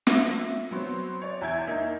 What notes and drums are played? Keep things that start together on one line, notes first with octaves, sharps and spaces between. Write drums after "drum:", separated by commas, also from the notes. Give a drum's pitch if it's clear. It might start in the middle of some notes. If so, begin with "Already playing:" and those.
E5 A#6, drum: snare
F#3 B3 C4 C#5
C#5 D5
E2 E5 G6 G#6
A#3 D#4 E5